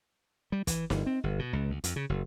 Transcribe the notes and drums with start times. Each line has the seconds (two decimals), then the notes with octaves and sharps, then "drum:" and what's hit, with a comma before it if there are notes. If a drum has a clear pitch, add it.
0.52 G3
0.67 E3, drum: kick, hi-hat
0.90 G1, drum: snare
1.06 C4
1.24 G1
1.39 B2
1.53 C#2
1.70 D2
1.84 F2, drum: hi-hat
1.96 C#3
2.09 F#1